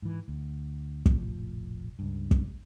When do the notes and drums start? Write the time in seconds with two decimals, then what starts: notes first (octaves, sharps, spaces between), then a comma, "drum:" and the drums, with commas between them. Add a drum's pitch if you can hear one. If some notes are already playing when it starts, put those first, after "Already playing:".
0.02 G#2 E3
0.28 D2
1.06 F1 A#1 A2 F3, drum: kick
1.99 C#2 G2
2.31 drum: kick